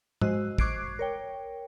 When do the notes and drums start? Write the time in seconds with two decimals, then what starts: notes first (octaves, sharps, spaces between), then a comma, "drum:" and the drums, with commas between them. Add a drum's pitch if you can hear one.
0.21 G#3 F#4 C5 D#5 E6 F#6, drum: tom G#2
0.58 C#6 D6 F#6 G#6 C7 D7, drum: kick
0.99 A#4 C#5 G5